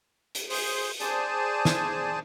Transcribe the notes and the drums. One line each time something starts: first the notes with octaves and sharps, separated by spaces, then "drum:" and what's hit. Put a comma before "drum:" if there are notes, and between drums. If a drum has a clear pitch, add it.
drum: hi-hat
G#4 C5 C6, drum: open hi-hat
G#4 C5 D5 G#5 A5, drum: hi-hat
drum: snare